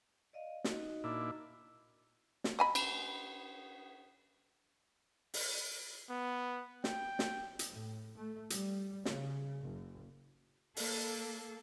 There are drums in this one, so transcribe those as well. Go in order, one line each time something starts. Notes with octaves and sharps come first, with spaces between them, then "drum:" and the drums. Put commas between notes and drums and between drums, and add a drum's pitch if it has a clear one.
D5 D#5 F5
D#4 F#4 D#5, drum: snare
A#2 D4 E4
drum: snare
D#5 G#5 B5
drum: cymbal
drum: open hi-hat
B3
G5, drum: snare
drum: snare
drum: hi-hat
A2
A3
G3, drum: hi-hat
C#3, drum: snare
F#1
A#3 A4, drum: open hi-hat